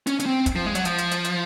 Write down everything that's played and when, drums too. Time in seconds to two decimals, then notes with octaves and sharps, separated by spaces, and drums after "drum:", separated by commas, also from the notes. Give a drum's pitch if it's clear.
0.07 C#4, drum: hi-hat
0.20 C#4, drum: hi-hat
0.26 C4
0.46 drum: kick, hi-hat
0.56 F3
0.66 G#3
0.75 F#3, drum: hi-hat
0.85 F3, drum: hi-hat
0.98 drum: hi-hat
1.11 drum: hi-hat
1.24 drum: hi-hat